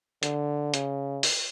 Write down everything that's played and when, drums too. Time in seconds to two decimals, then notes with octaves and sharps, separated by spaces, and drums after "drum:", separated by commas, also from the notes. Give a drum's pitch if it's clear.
0.23 D3, drum: hi-hat
0.74 C#3, drum: hi-hat
1.23 drum: open hi-hat